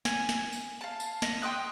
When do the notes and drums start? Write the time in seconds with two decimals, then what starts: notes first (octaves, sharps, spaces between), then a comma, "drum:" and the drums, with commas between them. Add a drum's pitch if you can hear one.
0.05 G#5, drum: snare
0.29 drum: snare
0.53 drum: tambourine
0.81 F5 A5
1.00 drum: tambourine
1.22 D#5, drum: snare
1.42 G5 C6 D#6 F#6